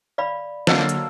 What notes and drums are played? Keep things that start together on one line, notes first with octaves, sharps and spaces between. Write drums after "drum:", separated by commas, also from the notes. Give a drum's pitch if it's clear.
D5 F5 B5
D3 F#3 A#3 A4 C5 D#5 F5 F#5, drum: snare
drum: hi-hat